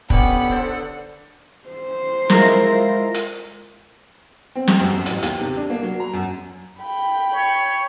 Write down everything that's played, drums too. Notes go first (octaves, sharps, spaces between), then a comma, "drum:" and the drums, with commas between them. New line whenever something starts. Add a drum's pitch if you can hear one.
D3 G3 B3 C#4 B5 D6 C#7, drum: kick
A4 C5 F#5
C5
G#3 E4 F4 A#4, drum: snare
drum: hi-hat
C4
G4, drum: snare
F#2
F#2
A1, drum: hi-hat
D#2, drum: hi-hat
C3
D4
A#3
F#3
A#5
F#2
G5 B5
C#5